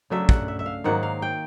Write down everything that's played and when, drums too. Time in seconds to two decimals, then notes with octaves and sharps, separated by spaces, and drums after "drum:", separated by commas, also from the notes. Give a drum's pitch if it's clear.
0.10 C#3 F#3 A3 D4 E5
0.29 F#5, drum: kick
0.48 E5
0.59 E5
0.66 F5
0.84 G#2 D#3 F#3 A#3 F#5
1.03 F5
1.22 G5